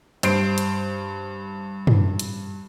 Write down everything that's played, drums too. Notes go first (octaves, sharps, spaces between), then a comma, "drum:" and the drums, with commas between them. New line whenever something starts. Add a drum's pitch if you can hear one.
G2 C5 G6 C7 D7, drum: hi-hat
drum: hi-hat
drum: tom
drum: hi-hat